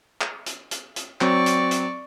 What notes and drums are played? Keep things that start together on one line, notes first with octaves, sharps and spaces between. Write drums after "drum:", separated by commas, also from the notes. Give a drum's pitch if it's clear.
drum: clap
drum: hi-hat
drum: hi-hat
drum: hi-hat
F#3 C4 D5 C#6, drum: clap
drum: hi-hat
drum: hi-hat